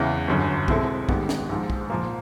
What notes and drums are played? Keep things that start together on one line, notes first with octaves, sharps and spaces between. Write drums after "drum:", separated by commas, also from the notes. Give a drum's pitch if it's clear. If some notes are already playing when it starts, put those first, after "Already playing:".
Already playing: E2 C#3 E3 G#3
G1 F#2 D3
B2 G#3 C4 E4 A4, drum: kick
A1 G#2 D#3 G3 B3, drum: kick
drum: snare
A#1 G#2 F3
drum: kick
A#2 F3 A#3